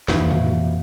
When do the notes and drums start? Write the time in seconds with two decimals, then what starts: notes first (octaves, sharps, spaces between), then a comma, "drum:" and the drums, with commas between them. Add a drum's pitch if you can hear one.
0.08 F2 B2 E3 A#3, drum: snare
0.30 drum: tom A2